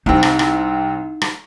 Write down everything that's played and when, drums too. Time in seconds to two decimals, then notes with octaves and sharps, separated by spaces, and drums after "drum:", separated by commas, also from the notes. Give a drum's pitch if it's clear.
0.06 C2 C4 D#4
0.23 drum: rim click
0.39 drum: rim click
1.22 drum: rim click